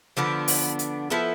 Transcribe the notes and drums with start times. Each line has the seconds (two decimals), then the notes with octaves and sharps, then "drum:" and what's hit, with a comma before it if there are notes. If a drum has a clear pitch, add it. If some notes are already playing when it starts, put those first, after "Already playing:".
0.17 D3 F3 B3 D4
0.48 drum: open hi-hat
0.79 drum: hi-hat
1.10 F3 B3 E4 A4